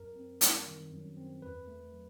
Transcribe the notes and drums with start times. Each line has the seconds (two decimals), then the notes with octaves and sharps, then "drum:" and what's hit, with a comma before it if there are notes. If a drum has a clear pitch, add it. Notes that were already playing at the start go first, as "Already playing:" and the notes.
Already playing: F#2 A#4
0.16 C4
0.41 G3, drum: hi-hat
0.67 D#3
0.91 F#2
1.17 C4
1.42 E2 B4
1.67 A3
1.93 F#3